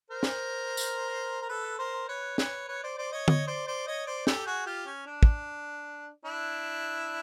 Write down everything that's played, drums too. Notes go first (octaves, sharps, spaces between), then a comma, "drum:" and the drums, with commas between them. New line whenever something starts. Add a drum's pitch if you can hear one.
A#4 C5
drum: snare
drum: tambourine
A#4
A4 B4
A#4 C5
B4 C#5
B4 C#5, drum: snare
B4 C#5
C5 D5
C5 D5
C#5 D#5
C#5 D#5, drum: tom D3
C5 D5
C5 D5
C#5 D#5
C5 D5
G4 A4, drum: snare
F#4 G#4
F4 G4
C#4
D4
drum: kick
D4 E4